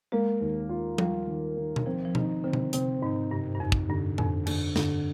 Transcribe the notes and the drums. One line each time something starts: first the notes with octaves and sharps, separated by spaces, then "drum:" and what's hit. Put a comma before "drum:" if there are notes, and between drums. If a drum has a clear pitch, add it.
G#3 A#3
D#2
F4
G3 F4, drum: tom F3
D#3
D#3
drum: tom B2
F3 C4
F3
D#3 D#4, drum: tom B2
D3 C4
drum: tom B2
C3 C4, drum: hi-hat
G#2 D#4
G2 C3
G2
F2 D#4
drum: kick
G2 D3
F2 D3, drum: tom A2
F2 D3, drum: cymbal
G2 D3, drum: snare